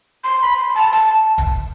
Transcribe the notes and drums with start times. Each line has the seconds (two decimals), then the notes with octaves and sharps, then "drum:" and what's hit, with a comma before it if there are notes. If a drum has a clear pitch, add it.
0.24 C6
0.42 B5
0.58 C6
0.75 A5
0.92 A5, drum: hi-hat
1.38 drum: kick, hi-hat